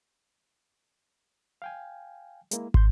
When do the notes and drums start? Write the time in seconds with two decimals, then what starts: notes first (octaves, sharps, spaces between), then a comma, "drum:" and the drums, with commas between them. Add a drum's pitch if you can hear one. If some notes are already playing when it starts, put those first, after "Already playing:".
1.62 F5 G5 G#5
2.51 G#3 A#3 E4, drum: hi-hat
2.74 C6 G6, drum: kick